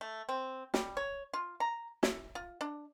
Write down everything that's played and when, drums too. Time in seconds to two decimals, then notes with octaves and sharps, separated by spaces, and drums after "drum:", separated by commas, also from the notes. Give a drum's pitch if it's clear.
0.01 A3
0.29 C4
0.74 G3, drum: snare
0.97 C#5
1.33 F4
1.60 A#5
2.03 E4, drum: snare
2.35 F4
2.61 D4